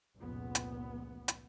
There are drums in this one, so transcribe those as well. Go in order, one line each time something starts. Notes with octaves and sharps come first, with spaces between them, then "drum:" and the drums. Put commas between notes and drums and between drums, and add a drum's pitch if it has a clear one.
F1 C#2 A#2 B3
drum: hi-hat
drum: hi-hat